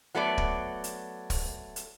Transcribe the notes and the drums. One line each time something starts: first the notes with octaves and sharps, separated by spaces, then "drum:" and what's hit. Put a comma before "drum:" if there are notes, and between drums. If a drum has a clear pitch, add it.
F#3 A3 B3 D5
drum: kick
drum: hi-hat
drum: kick, open hi-hat
drum: hi-hat